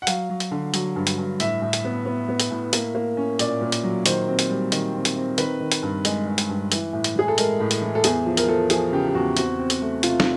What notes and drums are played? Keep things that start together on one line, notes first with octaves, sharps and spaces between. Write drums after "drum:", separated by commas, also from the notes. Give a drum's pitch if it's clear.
F#5
F#3 F5, drum: hi-hat
F#3
drum: hi-hat
D3
F#3, drum: hi-hat
G2
drum: hi-hat
G2
A2 E5, drum: hi-hat
A2
drum: hi-hat
B3
B3
B3
drum: hi-hat
A2
A#3, drum: hi-hat
A#3
C#4
A#2 D5, drum: hi-hat
A#2
drum: hi-hat
F#3
D#3 C5, drum: hi-hat
C4
drum: hi-hat
G3
D#3, drum: hi-hat
C4
drum: hi-hat
C4
D#3 B4, drum: hi-hat
D#3
drum: hi-hat
G2
G#3, drum: hi-hat
G#3
drum: hi-hat
G2
E3, drum: hi-hat
A2
drum: hi-hat
E3 G#4
A4
G#3 A#4, drum: hi-hat
A2
drum: hi-hat
E3
A4
E2 G#4, drum: hi-hat
F3
A#4, drum: hi-hat
F3 A4
F3 G#4, drum: hi-hat
C#3 G4
G4
E2 F#4
C4 F#4, drum: hi-hat
C4
drum: hi-hat
A3
C3 F4, drum: hi-hat
drum: snare